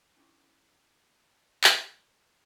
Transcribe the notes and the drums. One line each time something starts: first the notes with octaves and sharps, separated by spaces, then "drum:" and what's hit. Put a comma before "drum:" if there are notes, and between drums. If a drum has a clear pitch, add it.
C#4 D4 E4 F4 G4 D6
drum: clap